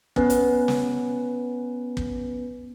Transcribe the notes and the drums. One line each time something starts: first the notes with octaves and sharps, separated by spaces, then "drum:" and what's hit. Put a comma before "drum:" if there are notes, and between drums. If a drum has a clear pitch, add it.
B3 C#4 B4, drum: kick
drum: hi-hat
drum: snare
drum: kick